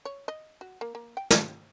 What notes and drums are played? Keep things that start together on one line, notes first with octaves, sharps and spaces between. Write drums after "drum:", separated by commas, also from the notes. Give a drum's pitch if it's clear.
C#5
D#5
F#4
A#3
A#3
G5
A5, drum: snare